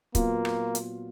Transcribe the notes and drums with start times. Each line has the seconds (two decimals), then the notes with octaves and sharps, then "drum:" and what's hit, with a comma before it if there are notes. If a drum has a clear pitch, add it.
0.15 A#2 F#3 A#3 B3 F4, drum: kick, hi-hat
0.45 drum: rim click
0.75 drum: hi-hat